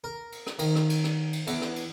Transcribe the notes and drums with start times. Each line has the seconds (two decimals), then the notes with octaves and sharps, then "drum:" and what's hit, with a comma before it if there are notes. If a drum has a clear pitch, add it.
0.04 A#4
0.32 drum: cymbal
0.47 drum: rim click
0.59 D#3, drum: cymbal
0.75 drum: rim click
0.90 drum: cymbal
1.04 drum: rim click
1.33 drum: cymbal
1.47 E2, drum: cymbal
1.62 drum: rim click
1.76 drum: cymbal